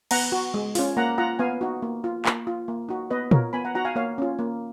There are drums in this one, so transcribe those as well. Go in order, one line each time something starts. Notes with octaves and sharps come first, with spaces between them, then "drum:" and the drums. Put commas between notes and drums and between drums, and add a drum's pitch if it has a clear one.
B3 F#5 A#5, drum: cymbal
F#4
G#3
C#4 F4, drum: open hi-hat
A#3 F#5 A#5
F4 F#5 A#5
B3 F5 G#5
D#4 F#4
A#3
F4
A#3, drum: clap
F4
A#3
D#4 F#4
B3 B4 D#5
F4 A#4 C#5, drum: tom A#2
B3 G#5 B5
F#5 A#5
D#4 F#4 F#5 A#5
F5 G#5
A#3 C#5 F5
C#4 F4
A#3